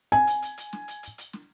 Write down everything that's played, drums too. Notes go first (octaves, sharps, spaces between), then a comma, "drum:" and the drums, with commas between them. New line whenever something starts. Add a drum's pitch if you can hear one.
G#5, drum: snare
drum: hi-hat
drum: hi-hat
drum: hi-hat
drum: snare
drum: hi-hat
drum: hi-hat
drum: hi-hat
drum: snare